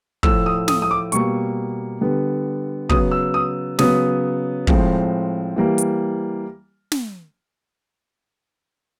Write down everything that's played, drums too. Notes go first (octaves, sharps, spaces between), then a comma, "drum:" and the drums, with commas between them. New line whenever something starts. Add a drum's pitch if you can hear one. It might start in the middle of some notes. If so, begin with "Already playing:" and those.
A2 F3 A3 E6, drum: kick
D#6
D#6, drum: snare
D#6
D6
B2 G3 A#3 C#6, drum: hi-hat
D3 G3 B3
C#3 F#3 B3 D#6, drum: kick
E6
D#6
C#3 F#3 B3 D#6, drum: snare
A2 F3 G#3 C4, drum: kick
E3 G3 A#3
drum: hi-hat
drum: snare